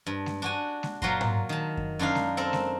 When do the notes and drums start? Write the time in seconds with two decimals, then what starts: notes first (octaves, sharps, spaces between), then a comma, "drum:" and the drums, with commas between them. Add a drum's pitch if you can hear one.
0.07 G2
0.26 drum: snare G#3
0.42 D4 F#4 G#5
0.83 drum: snare G#3
1.02 A#2 F#3 F4 F#4 A#5 C6, drum: kick F#2
1.21 drum: tom G#2
1.49 D#3 A5
1.77 drum: kick F#2
1.99 F#2 D4 D#4 F5
2.15 drum: snare G#3
2.37 C4 A4 A#4
2.53 drum: snare G#3